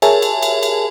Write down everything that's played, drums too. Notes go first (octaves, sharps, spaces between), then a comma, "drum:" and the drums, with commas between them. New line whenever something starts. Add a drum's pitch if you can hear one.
G#4 A#4 C#5 E5 G#5 A5, drum: cymbal
drum: cymbal
drum: cymbal
drum: cymbal